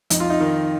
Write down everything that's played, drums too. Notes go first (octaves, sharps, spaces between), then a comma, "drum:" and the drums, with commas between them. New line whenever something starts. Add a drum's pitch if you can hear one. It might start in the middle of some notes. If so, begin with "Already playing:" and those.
F2 D#4, drum: hi-hat
F4
D#4
D#3